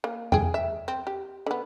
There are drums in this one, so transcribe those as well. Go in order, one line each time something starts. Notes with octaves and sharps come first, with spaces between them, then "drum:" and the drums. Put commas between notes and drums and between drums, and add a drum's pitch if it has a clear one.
A#3
G#4 G5, drum: tom E2
E5
C4
G4
D3 B3